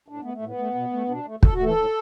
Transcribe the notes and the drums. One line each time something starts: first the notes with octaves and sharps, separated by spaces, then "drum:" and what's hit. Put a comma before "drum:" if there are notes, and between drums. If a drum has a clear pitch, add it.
A2 D4
A3 B3
A3
A2 B3
A3
B2
A3
B2 D4
A3
A2 A4, drum: kick
F#4
E3 A3 A4
A2